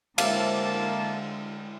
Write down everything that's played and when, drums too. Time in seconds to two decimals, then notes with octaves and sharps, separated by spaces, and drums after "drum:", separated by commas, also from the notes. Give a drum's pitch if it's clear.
0.18 D3 G#3 A#3 E4 C5 F5 A5 D6, drum: cymbal